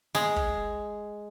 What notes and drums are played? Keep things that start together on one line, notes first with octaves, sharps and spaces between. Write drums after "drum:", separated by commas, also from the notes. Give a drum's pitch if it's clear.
G#3, drum: snare
drum: kick